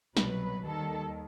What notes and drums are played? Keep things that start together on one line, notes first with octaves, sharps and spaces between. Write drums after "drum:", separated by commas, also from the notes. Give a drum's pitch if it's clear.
C2 B2 F#3 B4, drum: snare
D#2 D#3 G3 A4